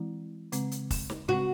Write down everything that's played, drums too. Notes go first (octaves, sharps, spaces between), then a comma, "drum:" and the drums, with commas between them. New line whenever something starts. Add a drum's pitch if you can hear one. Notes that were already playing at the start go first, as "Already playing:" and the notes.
Already playing: E3 G#3 C4 E4
C#3 G#3 C4, drum: hi-hat
drum: hi-hat
drum: kick, open hi-hat
drum: snare
C#3 G#3 C4 F#4